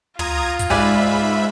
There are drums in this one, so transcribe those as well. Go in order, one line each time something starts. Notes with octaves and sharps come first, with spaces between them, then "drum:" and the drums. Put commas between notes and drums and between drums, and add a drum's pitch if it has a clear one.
F4 A#5 D#6 G#6, drum: tom
drum: kick, hi-hat
G#2 B4 D5 E5 G#5 B5